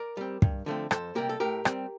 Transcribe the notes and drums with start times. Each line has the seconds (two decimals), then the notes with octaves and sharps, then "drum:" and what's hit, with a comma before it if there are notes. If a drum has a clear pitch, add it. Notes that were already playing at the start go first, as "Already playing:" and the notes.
Already playing: A#4 D5
0.17 G3 C4
0.42 G2, drum: kick
0.66 D3 F3 A3 C4
0.91 F2 A4 C5, drum: rim click
1.15 C3 G3 A#3 G4 A#4
1.29 A4
1.40 A2 G4 A#4
1.65 G3 C4, drum: rim click